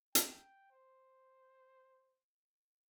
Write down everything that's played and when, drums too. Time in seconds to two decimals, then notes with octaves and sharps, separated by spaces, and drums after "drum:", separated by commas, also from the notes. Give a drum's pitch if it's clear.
0.15 G5, drum: hi-hat
0.71 C5